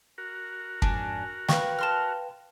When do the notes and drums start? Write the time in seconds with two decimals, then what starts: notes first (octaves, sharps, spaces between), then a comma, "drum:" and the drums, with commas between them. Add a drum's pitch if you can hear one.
0.18 F#4 A#4
0.82 F2 G#2 D4 G#5 A5, drum: kick
1.49 B4 F5 G5 C#6, drum: snare
1.79 A5 C6 F6